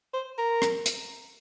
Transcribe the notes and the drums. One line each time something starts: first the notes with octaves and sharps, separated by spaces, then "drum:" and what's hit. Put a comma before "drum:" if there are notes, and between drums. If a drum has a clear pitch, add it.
C5
A#4
drum: rim click
drum: hi-hat